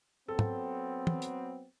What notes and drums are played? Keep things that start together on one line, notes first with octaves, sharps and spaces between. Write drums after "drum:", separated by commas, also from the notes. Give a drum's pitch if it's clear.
F#3 B3 C4 A4
drum: tom
drum: tom
drum: hi-hat